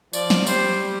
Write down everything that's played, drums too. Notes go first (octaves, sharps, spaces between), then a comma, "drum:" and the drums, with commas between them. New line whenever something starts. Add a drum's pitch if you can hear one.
F3 D5, drum: tambourine
drum: snare
G3 C5, drum: tambourine